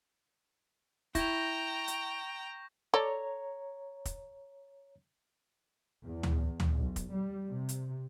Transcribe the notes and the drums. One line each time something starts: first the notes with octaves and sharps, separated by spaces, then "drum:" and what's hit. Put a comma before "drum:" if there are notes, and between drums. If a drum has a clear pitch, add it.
E4 G5 A#5 C#6 G6 A#6, drum: kick, hi-hat
drum: hi-hat
A4 C#5 D5 A#5
drum: kick, hi-hat
E2
drum: tom D2
drum: tom D2
B1
drum: kick, hi-hat
G3
C3
drum: hi-hat